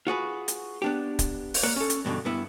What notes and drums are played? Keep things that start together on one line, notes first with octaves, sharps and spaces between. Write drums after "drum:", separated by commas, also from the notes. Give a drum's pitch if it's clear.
F4 F#4 G#4 B4
drum: hi-hat
B3 D4 G4
drum: kick, hi-hat
drum: open hi-hat
A#3 B4 C#5 D5
C#4 A4
drum: hi-hat
E2 G2 B2 D3
G2 B3 E4